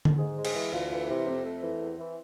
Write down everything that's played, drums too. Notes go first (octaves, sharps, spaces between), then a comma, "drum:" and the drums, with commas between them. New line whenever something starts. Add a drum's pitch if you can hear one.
drum: tom D3
G#2 G#4
G#3
G#4, drum: cymbal
E3
D2 F4
E3 F4
C3 E4
F2 C4
A3
E3
E2
E3